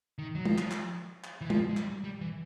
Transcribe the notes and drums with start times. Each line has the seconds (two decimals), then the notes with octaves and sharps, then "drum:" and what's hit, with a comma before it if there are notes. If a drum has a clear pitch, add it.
0.18 D#3
0.35 F#3
0.45 F3, drum: tom
0.58 drum: clap
0.71 drum: clap
1.24 drum: clap
1.41 E3
1.50 F3, drum: tom
1.69 G#3
1.77 G3, drum: clap
2.04 G3
2.21 E3